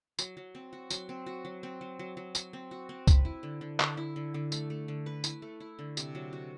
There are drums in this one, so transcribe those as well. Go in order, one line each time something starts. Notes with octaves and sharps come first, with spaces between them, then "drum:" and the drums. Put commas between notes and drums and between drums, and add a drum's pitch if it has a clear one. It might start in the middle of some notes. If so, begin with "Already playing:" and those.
F#3, drum: tambourine
F#3
C4
F#4
F#3, drum: tambourine
C4
F#4
F#3
C4
F#3
F#3
F#3
F#3, drum: tambourine
C4
F#4
C4
B4, drum: kick C#2, tambourine
E4
D3
D3
D3, drum: clap
E4
D3
D3
A3, drum: tambourine
A3
D3
B4
E4, drum: tambourine
A3
E4
D3
C3, drum: tambourine
F#3
F#4